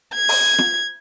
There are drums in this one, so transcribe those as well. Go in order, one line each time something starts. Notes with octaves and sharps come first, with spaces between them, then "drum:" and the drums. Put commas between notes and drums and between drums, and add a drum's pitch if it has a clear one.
G#6
drum: open hi-hat
drum: snare